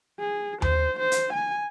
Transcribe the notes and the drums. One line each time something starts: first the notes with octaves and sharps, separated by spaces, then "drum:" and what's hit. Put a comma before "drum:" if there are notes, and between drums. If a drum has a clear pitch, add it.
G#4
C5, drum: tom D#2
C5
drum: hi-hat
G#5